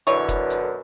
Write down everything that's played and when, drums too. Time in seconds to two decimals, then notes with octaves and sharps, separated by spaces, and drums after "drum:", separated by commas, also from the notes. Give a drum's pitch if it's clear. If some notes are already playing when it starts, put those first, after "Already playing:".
0.07 F#2 B2 D3 E3 C#5, drum: hi-hat
0.28 drum: kick, hi-hat
0.50 drum: hi-hat